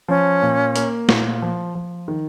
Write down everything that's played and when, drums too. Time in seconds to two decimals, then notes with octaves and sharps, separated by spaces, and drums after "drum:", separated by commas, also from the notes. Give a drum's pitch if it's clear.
0.08 F3 C#4
0.42 A#2
0.76 A#3, drum: hi-hat
1.09 A#2, drum: snare
1.42 F3
1.75 F3
2.08 D#3